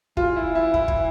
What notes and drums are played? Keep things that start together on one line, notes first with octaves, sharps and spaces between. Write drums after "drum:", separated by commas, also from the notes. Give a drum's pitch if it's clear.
E3 F4, drum: kick
E4
E4
E4, drum: kick
drum: kick